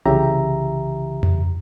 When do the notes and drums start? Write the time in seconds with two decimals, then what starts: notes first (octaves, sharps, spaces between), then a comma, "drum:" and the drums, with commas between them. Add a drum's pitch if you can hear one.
0.06 C2 C#3 E3 G4 E5 A#5
1.23 drum: tom F2